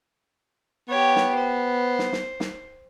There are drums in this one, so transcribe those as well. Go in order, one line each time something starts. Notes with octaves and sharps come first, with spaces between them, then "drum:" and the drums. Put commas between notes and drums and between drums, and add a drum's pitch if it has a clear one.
B3 G4 C#5
drum: snare
C5
drum: snare
drum: snare
drum: snare